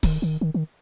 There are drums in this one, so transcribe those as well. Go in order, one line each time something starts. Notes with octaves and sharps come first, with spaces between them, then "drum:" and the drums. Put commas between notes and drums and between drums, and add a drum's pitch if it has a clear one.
D#3, drum: kick C#1, open hi-hat
D#3
D#3
D#3